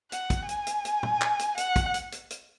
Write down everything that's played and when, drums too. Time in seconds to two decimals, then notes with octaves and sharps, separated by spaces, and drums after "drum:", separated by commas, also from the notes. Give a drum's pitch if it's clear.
0.12 F#5, drum: hi-hat
0.30 drum: kick, hi-hat
0.49 G#5, drum: hi-hat
0.67 drum: hi-hat
0.85 drum: hi-hat
1.03 drum: tom
1.21 drum: clap
1.39 drum: hi-hat
1.58 F#5, drum: hi-hat
1.76 drum: kick, hi-hat
1.94 drum: hi-hat
2.12 drum: hi-hat
2.30 drum: hi-hat